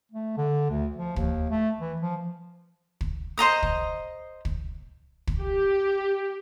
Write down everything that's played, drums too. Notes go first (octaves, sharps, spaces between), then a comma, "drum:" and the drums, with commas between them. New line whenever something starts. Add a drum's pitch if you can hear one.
A3
D3
D2
F3
D#2, drum: kick
A3
E3
F3
drum: kick
C5 D#5 A#5 D#6
drum: kick
drum: kick
drum: kick
G4